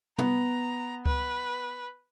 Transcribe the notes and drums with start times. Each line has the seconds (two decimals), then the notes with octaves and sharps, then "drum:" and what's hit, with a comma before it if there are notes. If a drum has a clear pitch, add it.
0.18 B3 A#5, drum: tom
1.06 B4, drum: kick C#2